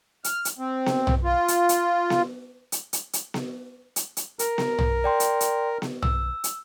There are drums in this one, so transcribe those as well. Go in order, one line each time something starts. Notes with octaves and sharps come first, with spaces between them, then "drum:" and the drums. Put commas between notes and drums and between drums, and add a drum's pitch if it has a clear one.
F6, drum: hi-hat
drum: hi-hat
C4
drum: snare B3
drum: tom
F4
drum: hi-hat
drum: hi-hat
drum: snare B3
drum: hi-hat
drum: hi-hat
drum: hi-hat
drum: snare B3
drum: hi-hat
drum: hi-hat
A#4, drum: hi-hat
drum: snare B3
drum: tom
D5 G5 C6
drum: hi-hat
drum: hi-hat
drum: snare B3
E6, drum: tom
drum: hi-hat